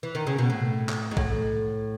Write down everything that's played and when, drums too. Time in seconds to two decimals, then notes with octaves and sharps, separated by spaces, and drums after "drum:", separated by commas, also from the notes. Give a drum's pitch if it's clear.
0.03 E3
0.15 D#3
0.27 C#3
0.38 B2
0.50 A2
0.89 drum: clap
1.11 G#2
1.17 A2, drum: kick A1